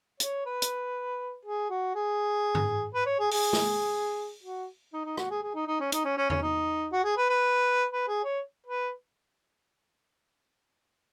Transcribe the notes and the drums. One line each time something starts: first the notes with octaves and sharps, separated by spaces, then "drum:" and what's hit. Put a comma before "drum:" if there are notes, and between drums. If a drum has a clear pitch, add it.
C#5, drum: hi-hat
B4
drum: hi-hat
G#4
F#4
G#4
drum: tom G2
B4
C#5
G#4
G#4, drum: open hi-hat
drum: snare
F#4
D#4
D#4
F#4, drum: rim click
G#4
G#4
D#4
D#4
C#4
D#4, drum: hi-hat
C#4
C#4
C#4, drum: tom E2
D#4
F#4
G#4
B4
B4
B4
G#4
C#5
B4